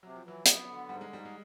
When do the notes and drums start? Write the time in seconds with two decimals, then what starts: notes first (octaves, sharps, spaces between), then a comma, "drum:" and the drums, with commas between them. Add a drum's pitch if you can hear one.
0.03 C3 F#3
0.16 F3
0.24 E3 F#3
0.45 B3, drum: hi-hat
0.67 D3
0.89 G#2 G3
1.01 G#3
1.10 G#2 G3
1.25 G#3